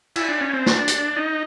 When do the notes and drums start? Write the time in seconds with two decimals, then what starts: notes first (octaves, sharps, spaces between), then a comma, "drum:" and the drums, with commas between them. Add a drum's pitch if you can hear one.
0.16 E4, drum: cymbal
0.29 D4
0.41 C#4
0.53 C4
0.66 D4, drum: snare
0.88 drum: hi-hat
1.16 D#4